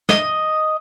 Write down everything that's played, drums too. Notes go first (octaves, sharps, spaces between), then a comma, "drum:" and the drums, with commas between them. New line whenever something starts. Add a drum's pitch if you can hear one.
D#5, drum: snare